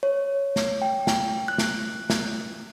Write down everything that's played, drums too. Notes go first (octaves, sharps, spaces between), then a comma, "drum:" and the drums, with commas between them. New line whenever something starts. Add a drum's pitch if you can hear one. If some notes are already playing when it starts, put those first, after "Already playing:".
C#5
drum: snare
G5
drum: snare
F#6
drum: snare
drum: snare